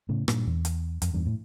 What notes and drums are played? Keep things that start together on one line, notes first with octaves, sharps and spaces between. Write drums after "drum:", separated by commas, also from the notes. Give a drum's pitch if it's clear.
A2 C#3
G2 A#2, drum: rim click
E2
drum: hi-hat
F2, drum: hi-hat
E2 G2
A2